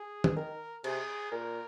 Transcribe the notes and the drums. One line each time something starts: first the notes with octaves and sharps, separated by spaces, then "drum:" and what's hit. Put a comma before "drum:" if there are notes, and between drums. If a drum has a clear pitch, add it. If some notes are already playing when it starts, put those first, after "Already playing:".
Already playing: G#4
drum: tom
D#3 A#4
C3 G#4, drum: cymbal
A#2 A#4